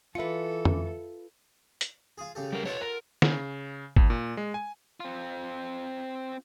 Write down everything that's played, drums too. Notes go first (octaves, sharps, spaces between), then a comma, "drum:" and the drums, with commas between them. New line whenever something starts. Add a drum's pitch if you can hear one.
E3 F4 A4 B4 E5 C#7
drum: tom F2
drum: hi-hat
F4 G#4
C#3 G4 A4
G3 A#4
F4 A4 B4 C#5 F#5
A#4
C#3, drum: snare
D#2, drum: kick
A#2
G#3
G#5
C4 F4